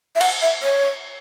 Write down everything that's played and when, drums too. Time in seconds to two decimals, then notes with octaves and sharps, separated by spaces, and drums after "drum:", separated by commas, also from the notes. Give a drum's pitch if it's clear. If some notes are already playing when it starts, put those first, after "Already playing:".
0.16 E5
0.21 F#5, drum: cymbal
0.42 E5
0.63 C#5